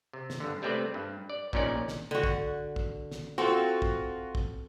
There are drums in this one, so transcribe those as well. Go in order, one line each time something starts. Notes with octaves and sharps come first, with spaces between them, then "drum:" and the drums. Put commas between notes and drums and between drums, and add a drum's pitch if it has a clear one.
C3
drum: snare
G2 D3
C3 G3 A3 C4 B4 D5
G2
D5
A#1 A#2 C#4 D#4 D5, drum: kick
drum: snare
D3 F#4
drum: kick
drum: kick
drum: snare
C4 F4 F#4 A4
drum: kick
drum: kick